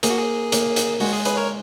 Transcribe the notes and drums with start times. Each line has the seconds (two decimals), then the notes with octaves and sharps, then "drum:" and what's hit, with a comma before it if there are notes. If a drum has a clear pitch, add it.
0.03 A#3 G#4, drum: hi-hat
0.10 F#4
0.19 G#4
0.52 A#3, drum: hi-hat
0.76 drum: hi-hat
1.00 G#3 F#4, drum: open hi-hat
1.13 G#4
1.25 G#4 B4, drum: hi-hat
1.37 A#4 C#5